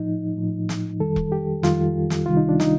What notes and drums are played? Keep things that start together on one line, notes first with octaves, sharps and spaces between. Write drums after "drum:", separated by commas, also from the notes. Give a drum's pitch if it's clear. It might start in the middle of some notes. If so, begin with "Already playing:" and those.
Already playing: A2 F3 D#4
A2 F3
drum: snare
F2 D#3 G3 A4
drum: kick E1
G4
F2 D#3 G3 F4, drum: snare
drum: snare
C2 C3 D#3 G3 F4
D#4
D4
D#4, drum: snare